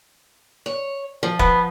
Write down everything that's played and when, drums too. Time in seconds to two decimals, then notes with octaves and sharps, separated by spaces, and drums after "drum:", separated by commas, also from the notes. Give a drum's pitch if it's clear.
0.66 C#5
1.23 F3
1.39 B3, drum: kick E1